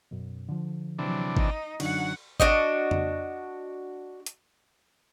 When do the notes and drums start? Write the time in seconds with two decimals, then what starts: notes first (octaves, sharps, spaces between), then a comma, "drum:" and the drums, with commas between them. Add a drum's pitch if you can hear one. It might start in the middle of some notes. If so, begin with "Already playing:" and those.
0.11 F#2 B2
0.49 D3 F3
0.99 C3 E3 F#3 D4
1.37 D#4, drum: kick G#1
1.80 F#2 D3 F#3 D4 D#4 F#5, drum: cymbal
2.40 D4 F#4 D#5, drum: kick G#1
2.91 drum: tom F2
4.26 drum: hi-hat